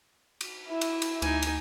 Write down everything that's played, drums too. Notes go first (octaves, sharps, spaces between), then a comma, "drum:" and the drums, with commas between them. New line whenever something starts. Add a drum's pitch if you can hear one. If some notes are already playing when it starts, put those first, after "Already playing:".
drum: cymbal
E4 E5
drum: cymbal
drum: cymbal
D2 D#4 G#5, drum: cymbal
drum: cymbal